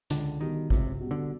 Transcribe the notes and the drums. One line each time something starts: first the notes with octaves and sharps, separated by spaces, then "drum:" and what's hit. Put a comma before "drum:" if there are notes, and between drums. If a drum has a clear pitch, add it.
C#2 D3, drum: hi-hat
B2 D#3 G3
C#2 C3, drum: kick
B2 G3
D3